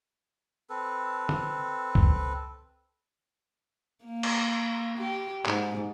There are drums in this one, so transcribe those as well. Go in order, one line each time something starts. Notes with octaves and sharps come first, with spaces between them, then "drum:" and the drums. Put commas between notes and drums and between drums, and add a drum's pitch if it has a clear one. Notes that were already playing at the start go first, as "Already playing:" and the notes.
C4 A4 B4
drum: tom
drum: kick C#2
A#3
drum: cymbal
G4
G#2, drum: clap